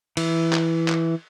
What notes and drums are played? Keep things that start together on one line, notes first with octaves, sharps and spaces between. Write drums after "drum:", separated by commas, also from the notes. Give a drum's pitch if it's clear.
E3, drum: cymbal
drum: clap
drum: clap